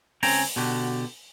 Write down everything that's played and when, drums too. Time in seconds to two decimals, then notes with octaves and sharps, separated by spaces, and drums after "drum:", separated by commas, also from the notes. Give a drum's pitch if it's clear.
0.23 C#2 C4 C#4 G5 G#5 A#5, drum: open hi-hat
0.56 B2 D3 F#4 G4